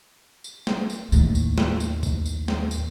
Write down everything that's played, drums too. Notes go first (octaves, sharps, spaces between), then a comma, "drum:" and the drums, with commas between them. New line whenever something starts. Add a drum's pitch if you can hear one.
drum: tambourine
drum: snare
drum: tambourine
D#2 A2, drum: tambourine
drum: tambourine
drum: snare
drum: tambourine
drum: kick, tambourine
drum: tambourine
drum: snare
drum: tambourine